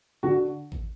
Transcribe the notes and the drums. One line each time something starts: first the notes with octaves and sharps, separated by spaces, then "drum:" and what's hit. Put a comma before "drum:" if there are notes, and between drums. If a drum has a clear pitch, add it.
D3 F#4
drum: kick G#1